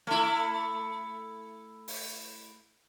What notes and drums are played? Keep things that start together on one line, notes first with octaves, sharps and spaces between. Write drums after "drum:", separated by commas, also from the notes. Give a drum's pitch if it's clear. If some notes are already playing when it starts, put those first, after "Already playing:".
A3 E4
drum: open hi-hat